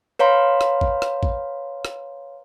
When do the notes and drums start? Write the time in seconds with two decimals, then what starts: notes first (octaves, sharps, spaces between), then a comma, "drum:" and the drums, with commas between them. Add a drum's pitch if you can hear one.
0.19 B4 C#5 F5 A#5 C6
0.61 drum: rim click
0.81 drum: kick
1.02 drum: rim click
1.23 drum: kick
1.85 drum: rim click